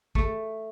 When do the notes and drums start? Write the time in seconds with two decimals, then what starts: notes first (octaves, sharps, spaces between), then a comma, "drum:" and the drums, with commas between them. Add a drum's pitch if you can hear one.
0.15 A3, drum: kick